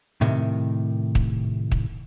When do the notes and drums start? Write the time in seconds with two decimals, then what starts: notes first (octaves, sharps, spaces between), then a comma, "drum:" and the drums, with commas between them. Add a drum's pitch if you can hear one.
0.21 A2 C3 D#3
1.15 drum: kick
1.72 drum: kick